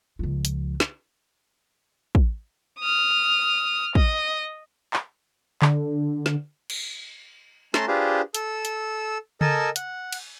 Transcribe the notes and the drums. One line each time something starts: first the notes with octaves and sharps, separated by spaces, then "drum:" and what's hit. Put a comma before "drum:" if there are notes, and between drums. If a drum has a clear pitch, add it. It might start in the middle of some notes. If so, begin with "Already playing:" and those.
C#2 F3
drum: hi-hat
drum: snare
drum: kick
D#6 F6
D#5, drum: kick
drum: clap
D3, drum: clap
drum: snare
drum: cymbal
A3 C#4 A5 A#5 C6, drum: snare
D4 F4 G4 G#4 B4 C5
A4 E6, drum: hi-hat
drum: hi-hat
A4 A#4 D#5 G#5 A5 E6, drum: tom C#3
F#5, drum: hi-hat
drum: cymbal